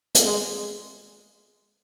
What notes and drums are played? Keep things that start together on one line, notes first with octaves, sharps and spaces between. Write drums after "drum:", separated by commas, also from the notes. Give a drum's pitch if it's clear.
drum: hi-hat
G#3